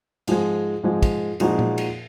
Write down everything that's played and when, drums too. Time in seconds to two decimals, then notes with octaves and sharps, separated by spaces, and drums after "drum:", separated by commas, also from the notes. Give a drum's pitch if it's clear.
0.28 G#2 F3 G#3, drum: cymbal
0.83 G#2 F3 G#3
1.03 drum: kick, cymbal
1.40 A#2 F3 G#3 D#4 F#4, drum: cymbal
1.59 drum: tom A#2
1.78 drum: cymbal